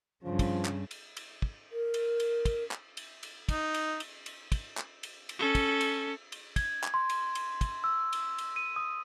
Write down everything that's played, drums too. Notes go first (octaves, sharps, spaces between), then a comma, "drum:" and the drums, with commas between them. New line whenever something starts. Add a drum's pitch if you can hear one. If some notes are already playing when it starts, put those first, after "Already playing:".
G2 C#3 F3
drum: kick, cymbal
drum: clap
drum: cymbal
drum: cymbal
drum: kick
A#4
drum: cymbal
drum: cymbal
drum: kick, cymbal
drum: clap
drum: cymbal
drum: cymbal
D#4, drum: kick, cymbal
drum: cymbal
drum: cymbal
drum: cymbal
drum: kick, cymbal
drum: clap
drum: cymbal
drum: cymbal
C#4 A4
drum: kick, cymbal
drum: cymbal
drum: cymbal
G#6, drum: kick, cymbal
drum: clap
C6
drum: cymbal
drum: cymbal
drum: kick, cymbal
E6
drum: cymbal
drum: cymbal
D#7
D#6